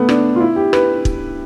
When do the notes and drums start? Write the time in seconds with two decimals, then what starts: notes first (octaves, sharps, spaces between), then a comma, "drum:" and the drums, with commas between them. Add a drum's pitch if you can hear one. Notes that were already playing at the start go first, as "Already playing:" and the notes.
Already playing: A3 B3
0.09 D4, drum: rim click
0.36 F4
0.41 E4
0.56 G4
0.73 B4, drum: rim click
1.05 drum: kick